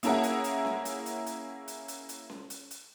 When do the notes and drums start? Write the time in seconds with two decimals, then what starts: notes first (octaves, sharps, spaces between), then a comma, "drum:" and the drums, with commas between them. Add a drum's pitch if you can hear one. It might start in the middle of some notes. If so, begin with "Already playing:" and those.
0.03 A#3 C#4 E4 G#4 A#4 F#5, drum: hi-hat
0.24 drum: hi-hat
0.44 drum: hi-hat
0.65 drum: snare C#4
0.85 drum: hi-hat
1.06 drum: hi-hat
1.27 drum: hi-hat
1.68 drum: hi-hat
1.88 drum: hi-hat
2.09 drum: hi-hat
2.30 drum: snare C#4
2.50 drum: hi-hat
2.71 drum: hi-hat